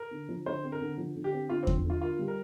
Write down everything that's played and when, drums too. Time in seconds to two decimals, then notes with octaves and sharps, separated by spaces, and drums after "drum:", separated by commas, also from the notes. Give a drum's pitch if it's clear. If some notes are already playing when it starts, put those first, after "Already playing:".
Already playing: A#4
0.11 D3
0.29 F3
0.46 D3 C5
0.63 C4
0.72 A#4
0.81 D3
0.98 F3
1.16 D3
1.24 G4
1.33 C4
1.49 D3 F4
1.63 C4
1.67 F3, drum: kick E2
1.84 D3
1.90 F4
2.02 F4 A#4
2.19 G3
2.28 A#4